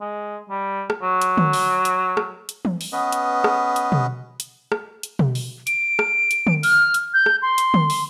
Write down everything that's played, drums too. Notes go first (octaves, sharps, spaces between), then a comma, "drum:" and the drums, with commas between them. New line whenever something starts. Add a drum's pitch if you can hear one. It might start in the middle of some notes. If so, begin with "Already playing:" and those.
G#3
G3
drum: rim click
F#3
drum: hi-hat
drum: tom D3
drum: open hi-hat
drum: hi-hat
drum: rim click
drum: hi-hat
drum: tom E3
drum: open hi-hat
B3 C#4 B4 D#5
drum: hi-hat
drum: rim click
drum: hi-hat
drum: tom B2
drum: hi-hat
drum: rim click
drum: hi-hat
drum: tom B2
drum: open hi-hat
D7, drum: hi-hat
drum: rim click
drum: hi-hat
drum: tom D3
F6, drum: open hi-hat
drum: hi-hat
G6
drum: rim click
C6
drum: hi-hat
drum: tom D3
drum: open hi-hat